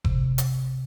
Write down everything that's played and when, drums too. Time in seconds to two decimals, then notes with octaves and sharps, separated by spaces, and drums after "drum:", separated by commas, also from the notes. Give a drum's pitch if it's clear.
0.05 C3, drum: kick F#1
0.38 drum: hi-hat